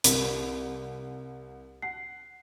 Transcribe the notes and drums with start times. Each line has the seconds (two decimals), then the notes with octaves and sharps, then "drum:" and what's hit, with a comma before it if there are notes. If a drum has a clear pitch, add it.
0.04 C2 A#4, drum: hi-hat
1.82 F#5 C7